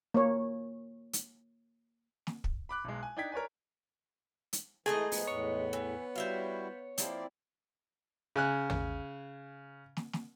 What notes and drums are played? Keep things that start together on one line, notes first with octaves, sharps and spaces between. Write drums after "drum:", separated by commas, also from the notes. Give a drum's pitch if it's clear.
A#3 C#5
drum: hi-hat
drum: snare
drum: kick
B5 D6 F#6
B1 G#3
G#5
D4 D#4 G5 G#6 B6
A#4 C#5 D5 G#5
drum: hi-hat
E3 G#3 A3 D#4 G#4 D#5
F3 A3 B3, drum: open hi-hat
E2 A2 C#5
E3
G3 E4 F#4 C5 E5 F5
F3 F#3 A#3 C4 E4 D5, drum: hi-hat
C#3 G#5 F#6
drum: tom
drum: snare
drum: snare